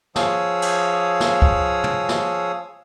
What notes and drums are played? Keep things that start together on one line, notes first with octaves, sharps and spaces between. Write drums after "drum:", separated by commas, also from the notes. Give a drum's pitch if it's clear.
F3 G#4 C#5 F5 D#6 E6, drum: snare
drum: cymbal
drum: snare
drum: kick
drum: tom
drum: snare